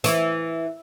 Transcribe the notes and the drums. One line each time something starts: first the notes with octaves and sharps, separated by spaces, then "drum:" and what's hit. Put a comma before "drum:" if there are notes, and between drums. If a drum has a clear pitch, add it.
E3, drum: hi-hat